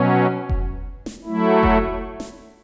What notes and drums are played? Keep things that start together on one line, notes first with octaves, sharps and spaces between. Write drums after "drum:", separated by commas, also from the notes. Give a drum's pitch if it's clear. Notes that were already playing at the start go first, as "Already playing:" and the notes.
Already playing: B2 F#3 C#4
drum: kick F1
drum: snare
F#3 A3 E4
drum: kick F1
drum: snare